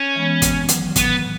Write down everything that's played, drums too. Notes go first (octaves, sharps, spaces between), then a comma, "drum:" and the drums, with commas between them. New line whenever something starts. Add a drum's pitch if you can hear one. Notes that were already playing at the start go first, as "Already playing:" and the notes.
Already playing: C#4
E3 G#3 B3
F#2, drum: kick, hi-hat
D#3 F#3, drum: hi-hat
A2 B3, drum: kick, hi-hat